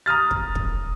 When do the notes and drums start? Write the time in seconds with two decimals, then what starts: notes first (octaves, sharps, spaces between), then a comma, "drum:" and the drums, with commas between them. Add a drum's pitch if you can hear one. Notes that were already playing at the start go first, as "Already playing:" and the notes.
0.06 A#5 D#6 F6 A6
0.31 drum: kick
0.55 drum: kick